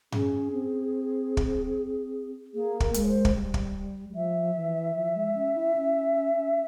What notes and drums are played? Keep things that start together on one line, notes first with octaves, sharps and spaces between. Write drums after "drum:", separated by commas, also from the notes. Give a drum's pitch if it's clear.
C#4 G#4, drum: tom G2
C4
drum: kick
A#3 G#4
A#4, drum: kick
G#3, drum: hi-hat
C#5
C5
drum: kick
G3
drum: kick
G3
F3 E5
E3
F3
G#3
C#4
E4
C#4